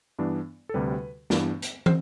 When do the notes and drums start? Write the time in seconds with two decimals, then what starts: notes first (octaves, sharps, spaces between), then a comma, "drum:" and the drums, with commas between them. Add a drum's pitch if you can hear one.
0.19 G2 E3 B3 D4
0.69 A4
0.74 D2 C3 G3 B4
1.30 G2 E3 B3 D4, drum: snare
1.62 drum: hi-hat
1.86 C5, drum: tom